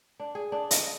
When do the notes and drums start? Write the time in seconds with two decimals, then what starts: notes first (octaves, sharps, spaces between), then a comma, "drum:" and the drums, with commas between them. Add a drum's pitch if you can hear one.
0.20 D4
0.35 G#4
0.52 D4
0.71 D#5, drum: hi-hat